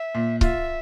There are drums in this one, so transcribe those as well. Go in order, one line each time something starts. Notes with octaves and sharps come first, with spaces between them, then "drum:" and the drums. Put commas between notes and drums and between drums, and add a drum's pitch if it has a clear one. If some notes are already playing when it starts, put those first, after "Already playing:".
Already playing: E5
A#2
F4 E5, drum: kick C#1